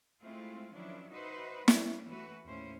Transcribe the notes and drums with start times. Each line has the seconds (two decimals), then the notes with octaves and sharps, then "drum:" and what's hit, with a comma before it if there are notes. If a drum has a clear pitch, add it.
0.22 G#3 A3 C4 E4 F4
0.72 D#3 F3 F#3 C#4 D4 E4
1.11 D#4 F#4 B4 C5 E5
1.68 G3 A3 A#3 C#4 D4 G4, drum: snare
2.07 E3 A3 F#4 B4
2.46 D#2 A2 C#4 E4 C5